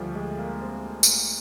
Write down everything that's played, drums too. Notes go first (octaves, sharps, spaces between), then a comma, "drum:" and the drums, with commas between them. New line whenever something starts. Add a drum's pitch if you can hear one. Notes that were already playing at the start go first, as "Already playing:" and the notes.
Already playing: D2 D3 F3 G3
G#3
A#3
C4
drum: tambourine